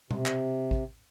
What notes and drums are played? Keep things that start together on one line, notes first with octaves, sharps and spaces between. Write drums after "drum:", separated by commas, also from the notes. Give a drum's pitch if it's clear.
C3, drum: tom B2
drum: clap
drum: kick A1